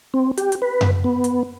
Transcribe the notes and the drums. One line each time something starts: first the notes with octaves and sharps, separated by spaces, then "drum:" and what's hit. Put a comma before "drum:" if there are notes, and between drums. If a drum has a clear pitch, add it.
C4
G4, drum: hi-hat
drum: hi-hat
B4
drum: tom F#2
B3
drum: hi-hat